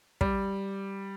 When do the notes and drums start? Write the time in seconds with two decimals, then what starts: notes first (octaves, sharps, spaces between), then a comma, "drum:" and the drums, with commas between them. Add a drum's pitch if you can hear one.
0.21 G3, drum: kick